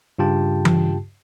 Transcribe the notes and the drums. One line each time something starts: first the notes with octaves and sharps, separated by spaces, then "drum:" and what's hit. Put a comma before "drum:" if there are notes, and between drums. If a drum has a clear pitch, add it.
G2 C#3 F4 G4 G5 A5
drum: tom E3